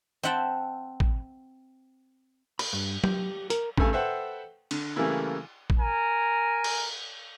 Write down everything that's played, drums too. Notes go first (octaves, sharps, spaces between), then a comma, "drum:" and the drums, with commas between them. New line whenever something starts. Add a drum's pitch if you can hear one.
C4 E5 F#5 G5 A5
drum: kick
B5, drum: cymbal
G2
G4, drum: tom F#3
A#4, drum: hi-hat
G2 C#3 A3 A4 G#5, drum: kick
A4 B4 C5 E5 F#5 G5
D3, drum: cymbal
C#3 E3 G3 A3 A#3 E4
drum: kick
A#4 G#5 A#5
drum: cymbal